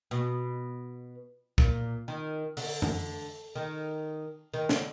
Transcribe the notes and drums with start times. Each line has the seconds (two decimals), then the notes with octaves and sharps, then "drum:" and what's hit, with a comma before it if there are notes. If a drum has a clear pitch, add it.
0.11 B2
1.58 A#2, drum: kick
2.08 D#3
2.57 D3, drum: open hi-hat
2.82 drum: tom F2
3.55 D#3
4.54 D#3
4.69 D3, drum: snare